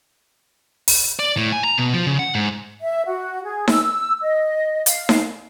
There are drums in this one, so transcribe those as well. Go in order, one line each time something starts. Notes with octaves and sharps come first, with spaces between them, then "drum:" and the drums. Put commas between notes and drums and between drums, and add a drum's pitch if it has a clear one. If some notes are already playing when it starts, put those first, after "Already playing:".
drum: open hi-hat
D5
A2
G#5
A#5
B2
F3
C#3
F#5
G#2
E5
F#4
G#4
E6, drum: snare D#4
D#5
F5, drum: hi-hat
drum: snare D#4